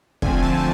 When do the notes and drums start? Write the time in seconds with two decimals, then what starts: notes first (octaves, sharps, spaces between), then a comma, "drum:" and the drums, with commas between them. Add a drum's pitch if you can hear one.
0.22 D3 F3 A3 C4 G#5, drum: kick
0.42 A5